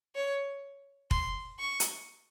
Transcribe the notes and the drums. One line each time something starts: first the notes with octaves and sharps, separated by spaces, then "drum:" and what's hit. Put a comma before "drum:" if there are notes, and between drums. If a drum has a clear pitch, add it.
C#5
C6, drum: kick F1
C#6
drum: hi-hat